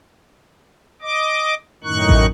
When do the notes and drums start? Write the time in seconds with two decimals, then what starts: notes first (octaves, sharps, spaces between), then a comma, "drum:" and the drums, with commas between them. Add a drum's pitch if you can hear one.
1.02 D#5 D6
1.84 F#2 A2 D#3 D#4 C#6 F#6
2.09 drum: kick A1